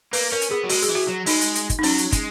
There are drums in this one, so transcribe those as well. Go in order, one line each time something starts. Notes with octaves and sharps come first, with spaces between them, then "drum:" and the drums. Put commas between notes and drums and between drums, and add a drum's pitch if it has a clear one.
A#3 B4, drum: open hi-hat
C#4 A#4
drum: hi-hat
B3 G#4
F#3
G#3 F#4, drum: open hi-hat
G#4, drum: hi-hat
E3
F#4
F#3
G#3 D#4, drum: open hi-hat
drum: hi-hat
drum: hi-hat
drum: kick, hi-hat
D#4
F#3 C#4, drum: open hi-hat
drum: hi-hat
G#3, drum: kick, hi-hat